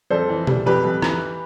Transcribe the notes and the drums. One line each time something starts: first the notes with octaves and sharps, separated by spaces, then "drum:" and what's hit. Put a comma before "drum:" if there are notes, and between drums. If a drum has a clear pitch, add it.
F2 A4 C5
E3
G3, drum: tom B2
F2 G4 B4
F2
E3, drum: rim click